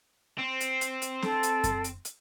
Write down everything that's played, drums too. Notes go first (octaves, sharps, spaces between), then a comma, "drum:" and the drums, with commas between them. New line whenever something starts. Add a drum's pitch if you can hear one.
C4
drum: hi-hat
drum: hi-hat
drum: hi-hat
A4, drum: snare C4
drum: hi-hat
drum: kick F#2, hi-hat
drum: hi-hat
drum: hi-hat